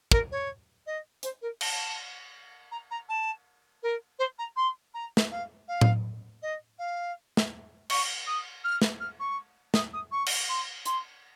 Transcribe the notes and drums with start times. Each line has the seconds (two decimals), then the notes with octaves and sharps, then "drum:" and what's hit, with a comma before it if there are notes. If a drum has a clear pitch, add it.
0.12 A#4, drum: kick
0.31 C#5
0.86 D#5
1.23 C5, drum: hi-hat
1.41 A#4
1.61 A5, drum: cymbal
2.71 A#5
2.90 A#5
3.08 A5
3.82 A#4
4.19 C5
4.38 A#5
4.56 C6
4.93 A#5
5.17 drum: snare
5.31 F5
5.68 F5
5.81 drum: tom A2
6.42 D#5
6.78 F5
7.37 drum: snare
7.90 C#6, drum: cymbal
8.26 D#6
8.64 F6
8.82 drum: snare
9.00 F6
9.19 C#6
9.74 D#6, drum: snare
9.93 D#6
10.11 C#6
10.26 drum: cymbal
10.49 C6
10.86 C6, drum: hi-hat